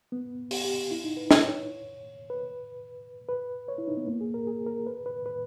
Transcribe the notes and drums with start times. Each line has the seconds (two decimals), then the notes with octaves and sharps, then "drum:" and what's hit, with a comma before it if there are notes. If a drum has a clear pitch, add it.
0.12 B3
0.51 G4, drum: open hi-hat
0.65 G4
0.91 E4
1.04 D#4
1.17 B4
1.31 C#5, drum: snare
2.30 B4
3.29 B4
3.68 C#5
3.78 E4
3.88 D#4
3.97 B3
4.07 A#3
4.21 G#4
4.34 A#4
4.47 G#4
4.66 A#4
4.87 B4
5.06 B4
5.26 B4